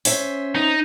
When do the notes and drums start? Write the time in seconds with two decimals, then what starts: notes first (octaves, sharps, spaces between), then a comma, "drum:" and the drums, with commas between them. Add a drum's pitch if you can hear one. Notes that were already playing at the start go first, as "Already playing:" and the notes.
0.05 C#4 C5 E5, drum: open hi-hat
0.55 D#4